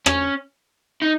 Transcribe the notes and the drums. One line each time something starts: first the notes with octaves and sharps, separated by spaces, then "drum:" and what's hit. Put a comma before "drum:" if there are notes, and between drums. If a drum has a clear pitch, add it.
C#4, drum: rim click
D#4